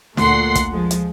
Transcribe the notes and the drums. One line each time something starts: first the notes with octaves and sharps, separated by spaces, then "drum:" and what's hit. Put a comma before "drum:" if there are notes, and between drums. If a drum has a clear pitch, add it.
D2 A#2 A3 F#5 C6 C7, drum: snare
drum: kick, hi-hat
F3 G#3
drum: hi-hat